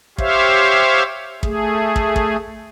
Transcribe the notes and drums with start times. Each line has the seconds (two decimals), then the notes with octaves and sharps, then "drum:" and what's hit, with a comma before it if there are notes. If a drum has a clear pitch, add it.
0.18 G4 C5 C#5 E5 F5, drum: kick
1.43 A3 G#4, drum: kick
1.96 drum: kick
2.16 drum: kick